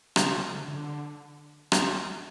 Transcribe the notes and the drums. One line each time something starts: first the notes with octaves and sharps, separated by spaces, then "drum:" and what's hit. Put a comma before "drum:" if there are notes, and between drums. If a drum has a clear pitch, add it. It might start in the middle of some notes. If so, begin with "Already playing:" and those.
C#3, drum: rim click
F3
D3
D3
drum: rim click